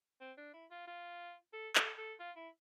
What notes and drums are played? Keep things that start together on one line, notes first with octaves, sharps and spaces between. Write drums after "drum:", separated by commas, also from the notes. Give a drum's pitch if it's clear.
C4
D4
E4
F4
F4
A4
A4, drum: clap
A4
F4
E4